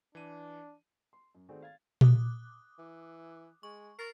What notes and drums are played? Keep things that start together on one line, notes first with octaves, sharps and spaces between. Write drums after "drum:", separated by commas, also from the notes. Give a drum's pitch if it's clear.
E3 D4 D#7
C6
F#2
D#3 A3 C4 F#4 G#4 D5
F5 G#6 A6
D6 D#6 F#6, drum: tom A#2
E3
G#3 C#6
A#4 C#6 A6 C7